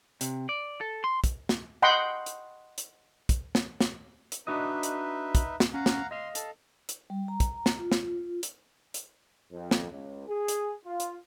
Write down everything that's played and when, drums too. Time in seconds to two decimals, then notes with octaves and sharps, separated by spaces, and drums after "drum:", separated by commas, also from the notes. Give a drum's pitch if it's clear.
0.21 C3, drum: hi-hat
0.49 D5
0.81 A4
1.04 C6
1.24 drum: kick, hi-hat
1.49 drum: snare
1.82 D#5 F#5 G5 B5 C6
2.26 drum: hi-hat
2.78 drum: hi-hat
3.29 drum: kick, hi-hat
3.55 drum: snare
3.81 drum: snare
4.32 drum: hi-hat
4.47 D4 D#4 F#4 B4 D#5 E5
4.83 drum: hi-hat
5.35 drum: kick, hi-hat
5.60 drum: snare
5.74 C#4 F5 F#5 A#5
5.86 drum: snare
6.11 D#5 F5 C6
6.35 A4, drum: hi-hat
6.89 drum: hi-hat
7.10 G3
7.28 A#5
7.40 drum: kick, hi-hat
7.66 drum: snare
7.79 F4
7.92 drum: snare
8.43 drum: hi-hat
8.94 drum: hi-hat
9.53 F2
9.71 drum: snare
9.91 C#2
10.29 G#4
10.48 drum: hi-hat
10.86 F4
11.00 drum: hi-hat